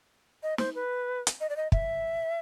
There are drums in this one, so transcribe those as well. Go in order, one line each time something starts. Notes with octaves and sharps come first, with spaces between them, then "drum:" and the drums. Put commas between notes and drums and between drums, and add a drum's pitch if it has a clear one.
D#5
C5, drum: snare
B4
drum: hi-hat
D#5
D5
D#5
E5, drum: kick